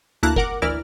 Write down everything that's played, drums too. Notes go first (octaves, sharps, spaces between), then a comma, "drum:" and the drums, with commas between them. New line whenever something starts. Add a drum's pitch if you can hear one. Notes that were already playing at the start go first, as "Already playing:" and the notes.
D2 A#3 E4 A5 A#5 F#6
A#4 F#5 D6, drum: kick F#1
D2 E3 E4 A#4 D5 F6